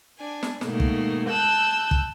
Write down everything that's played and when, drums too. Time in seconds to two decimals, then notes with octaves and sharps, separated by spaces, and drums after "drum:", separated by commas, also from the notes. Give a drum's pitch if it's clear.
0.17 D4 G#5
0.43 drum: snare
0.61 G#2 B2 D#3 A3 A#3, drum: snare
0.80 drum: kick
1.28 A5 E6 F#6 G6
1.91 drum: kick